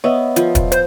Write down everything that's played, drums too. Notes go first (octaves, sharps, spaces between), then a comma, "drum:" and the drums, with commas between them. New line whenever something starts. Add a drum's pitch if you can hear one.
B3 C#5 D#5 E5
F3, drum: hi-hat
drum: kick, hi-hat
C5, drum: hi-hat